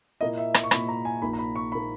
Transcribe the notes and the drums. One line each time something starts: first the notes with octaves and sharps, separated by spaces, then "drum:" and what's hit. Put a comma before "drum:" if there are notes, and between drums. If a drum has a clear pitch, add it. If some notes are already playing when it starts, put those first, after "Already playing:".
A#2 A#3 E4 D#5
E5
drum: rim click
C#6
A#2 A#3 E4 B5, drum: rim click
A#5
G#5
A#1 A#2 A#3 D#4 B5
A#5
B5
C#6
A#2 A#3 D#4 B5